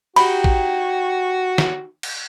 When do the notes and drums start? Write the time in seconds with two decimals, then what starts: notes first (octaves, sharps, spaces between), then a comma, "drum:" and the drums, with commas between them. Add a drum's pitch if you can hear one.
0.16 D#4 F#4 G4 G5 B5, drum: cymbal
0.44 drum: kick
1.58 drum: snare
2.03 drum: cymbal